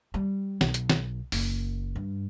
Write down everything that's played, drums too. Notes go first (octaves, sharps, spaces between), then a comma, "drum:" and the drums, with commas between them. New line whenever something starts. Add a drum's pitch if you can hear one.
G3
B1, drum: snare
drum: hi-hat
drum: snare
F#1, drum: open hi-hat
G2